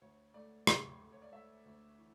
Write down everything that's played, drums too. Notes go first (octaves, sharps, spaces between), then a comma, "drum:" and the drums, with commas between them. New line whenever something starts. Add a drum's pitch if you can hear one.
D2 C#5
A3 D5
D2, drum: rim click
A3
C#5
D5
A3 E5
D2
E3